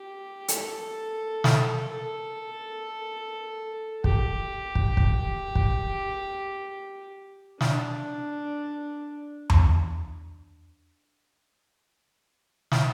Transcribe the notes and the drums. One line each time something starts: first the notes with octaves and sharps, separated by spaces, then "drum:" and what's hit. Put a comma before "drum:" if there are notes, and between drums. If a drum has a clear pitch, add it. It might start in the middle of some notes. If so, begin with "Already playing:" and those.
Already playing: G4
A4, drum: hi-hat
drum: snare
A4
G4, drum: kick
drum: kick
drum: kick
drum: kick
D4, drum: snare
drum: tom E2
drum: snare